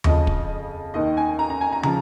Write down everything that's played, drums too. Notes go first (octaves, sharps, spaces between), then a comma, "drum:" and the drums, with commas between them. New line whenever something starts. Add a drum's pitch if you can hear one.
F2 C#3 F3 D#5, drum: tom D#2
drum: kick
D#2 D#3 D#5
G#5
A#5
A#5
G#5
A#5
C#3 F3 A#5, drum: tom